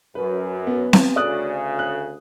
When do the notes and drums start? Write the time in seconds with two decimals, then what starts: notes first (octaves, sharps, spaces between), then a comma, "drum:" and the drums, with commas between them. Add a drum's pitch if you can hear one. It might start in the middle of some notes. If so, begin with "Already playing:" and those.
0.15 F#2 B4
0.67 B3
0.93 drum: snare C4
1.16 D2 C#3 D5 D#6 F#6
1.79 F#6